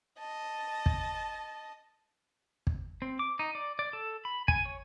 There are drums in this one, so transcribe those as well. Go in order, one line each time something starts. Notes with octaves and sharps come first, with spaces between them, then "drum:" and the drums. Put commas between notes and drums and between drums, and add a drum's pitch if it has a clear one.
D#5 A5
drum: kick
drum: kick
C4
D6
D#4
D5
D5
A4
B5
G#5, drum: kick
C#5